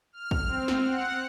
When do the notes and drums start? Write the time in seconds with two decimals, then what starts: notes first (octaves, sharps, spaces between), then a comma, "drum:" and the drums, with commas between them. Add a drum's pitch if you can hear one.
0.13 F6
0.31 drum: kick
0.48 C4
0.68 drum: snare
0.82 F#5